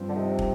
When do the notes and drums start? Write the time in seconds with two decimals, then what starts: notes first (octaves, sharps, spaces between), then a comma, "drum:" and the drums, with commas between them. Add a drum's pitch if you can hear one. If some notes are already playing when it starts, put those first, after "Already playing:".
Already playing: G2 F3 C4
0.09 D3
0.16 C3 D#4
0.39 drum: kick